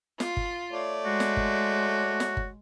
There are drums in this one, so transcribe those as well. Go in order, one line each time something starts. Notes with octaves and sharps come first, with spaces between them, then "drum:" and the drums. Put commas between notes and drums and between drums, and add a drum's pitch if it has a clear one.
F4, drum: snare
drum: kick G1
A3 C#5 D5
G#3 F#4
drum: snare
drum: kick G1
drum: snare
drum: kick G1